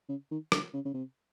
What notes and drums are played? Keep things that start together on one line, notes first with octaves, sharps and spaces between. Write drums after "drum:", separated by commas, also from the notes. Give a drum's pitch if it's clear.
C#3
D#3
D3, drum: rim click
C#3
C#3
C3